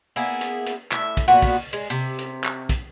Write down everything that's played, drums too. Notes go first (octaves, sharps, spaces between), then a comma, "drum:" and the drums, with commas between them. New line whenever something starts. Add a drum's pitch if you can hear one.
A#3 B3 E4 G#4
drum: hi-hat
drum: hi-hat
A2 E5, drum: clap
drum: kick, hi-hat
A#2 B3 F#4
drum: kick, open hi-hat
G#3
C3
drum: hi-hat
drum: clap
drum: kick, hi-hat